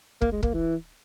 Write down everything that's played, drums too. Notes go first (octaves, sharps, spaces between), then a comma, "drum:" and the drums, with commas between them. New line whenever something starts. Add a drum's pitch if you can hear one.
A#3, drum: kick
G#3
A#3, drum: kick
E3